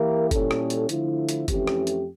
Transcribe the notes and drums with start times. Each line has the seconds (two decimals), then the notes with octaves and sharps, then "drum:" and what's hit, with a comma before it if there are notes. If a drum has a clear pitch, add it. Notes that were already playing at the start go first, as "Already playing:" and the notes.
Already playing: E3 A#3 E4 G4 A#4
0.31 A#2 G3 C#4 E4 A4, drum: kick F#1, hi-hat
0.51 drum: rim click
0.70 drum: hi-hat
0.89 D3 F3 A3 E4, drum: hi-hat
1.29 drum: hi-hat
1.48 F2 E3 A3 C#4 G4, drum: kick F#1, hi-hat
1.67 drum: rim click
1.87 drum: hi-hat